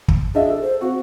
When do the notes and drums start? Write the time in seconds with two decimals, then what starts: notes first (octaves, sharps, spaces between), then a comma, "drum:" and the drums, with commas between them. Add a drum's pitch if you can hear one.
0.08 drum: kick
0.35 D4 G#4 D#5 E5
0.50 A4
0.63 C5
0.81 C4 F#4